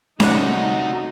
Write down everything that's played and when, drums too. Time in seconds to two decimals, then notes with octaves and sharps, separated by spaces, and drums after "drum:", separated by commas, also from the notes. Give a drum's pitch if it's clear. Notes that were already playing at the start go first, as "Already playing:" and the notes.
0.20 F#2 C3 A3 D#4 F#4 D5 F#5, drum: snare C#4